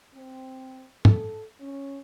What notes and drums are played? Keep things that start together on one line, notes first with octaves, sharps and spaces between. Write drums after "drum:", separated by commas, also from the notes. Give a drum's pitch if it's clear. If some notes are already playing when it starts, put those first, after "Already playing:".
C4
A4, drum: tom
C#4